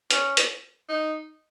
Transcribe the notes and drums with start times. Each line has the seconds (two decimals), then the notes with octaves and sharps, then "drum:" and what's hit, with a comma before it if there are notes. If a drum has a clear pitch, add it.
0.11 C#4, drum: hi-hat
0.37 drum: hi-hat
0.89 D#4